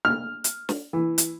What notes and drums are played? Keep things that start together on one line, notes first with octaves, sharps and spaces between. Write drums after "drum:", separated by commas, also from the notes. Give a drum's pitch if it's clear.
F6
drum: hi-hat
drum: snare
E3
drum: hi-hat